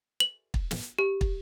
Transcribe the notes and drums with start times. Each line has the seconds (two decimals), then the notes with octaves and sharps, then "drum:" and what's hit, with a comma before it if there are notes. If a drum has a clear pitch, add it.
0.20 F#7
0.54 drum: kick
0.71 drum: snare
0.99 G4
1.21 drum: kick